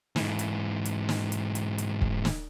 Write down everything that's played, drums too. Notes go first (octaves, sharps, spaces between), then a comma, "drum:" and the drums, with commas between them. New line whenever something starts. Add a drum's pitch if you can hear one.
G#2 E3, drum: snare
drum: hi-hat
drum: hi-hat
drum: snare
drum: hi-hat
drum: hi-hat
drum: hi-hat
drum: kick
drum: snare